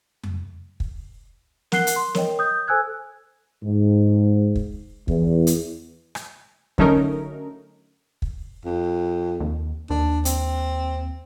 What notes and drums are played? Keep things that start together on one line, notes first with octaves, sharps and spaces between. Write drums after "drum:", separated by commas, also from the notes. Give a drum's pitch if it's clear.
drum: tom F2
drum: kick
A#4 F#5 F#6 C7 G7, drum: snare
drum: hi-hat
C6
A#4 C#5 D#5 G5, drum: snare
D#6 G6
A4 C5 G#5 E6 F#6 G#6
G#2
drum: kick
E2, drum: kick
drum: hi-hat
drum: rim click
D3 F#3 A3 C#4 D#4 A#4, drum: kick
drum: kick
F2
D#2
D#2 D4
C4, drum: hi-hat